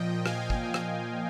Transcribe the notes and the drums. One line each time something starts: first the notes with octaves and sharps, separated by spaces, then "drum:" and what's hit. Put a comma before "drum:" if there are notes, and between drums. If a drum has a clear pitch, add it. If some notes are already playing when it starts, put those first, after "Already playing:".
Already playing: A#2 F3 D#5 G5
F5 G#5, drum: rim click
drum: kick
drum: rim click